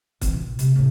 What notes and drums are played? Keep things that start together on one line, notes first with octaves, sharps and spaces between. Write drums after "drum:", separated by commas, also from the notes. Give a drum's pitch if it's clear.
E3 C4, drum: kick, hi-hat
A#2
C3 A3, drum: hi-hat
A2 C3